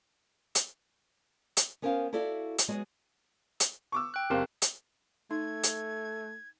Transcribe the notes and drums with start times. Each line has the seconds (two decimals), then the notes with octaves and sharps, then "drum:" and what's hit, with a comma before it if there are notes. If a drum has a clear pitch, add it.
0.55 drum: hi-hat
1.57 drum: hi-hat
1.82 B3 C#4 A#4 C5 D#5 F5
2.13 E4 F#4 A4 D5 E5 F5
2.59 drum: hi-hat
2.68 F#3 G#3 B3 F#4
3.60 drum: hi-hat
3.92 C#6 D6 E6
4.14 G5 F#6
4.30 F#1 C4 G4 A#4 F5
4.62 drum: hi-hat
5.31 A3 D#4 G#6
5.64 drum: hi-hat